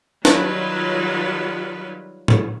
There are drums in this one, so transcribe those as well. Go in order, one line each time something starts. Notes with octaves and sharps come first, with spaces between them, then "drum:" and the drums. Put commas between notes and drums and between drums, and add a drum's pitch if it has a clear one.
D#3 F#3 G3 F4 B4, drum: snare
drum: tom G#2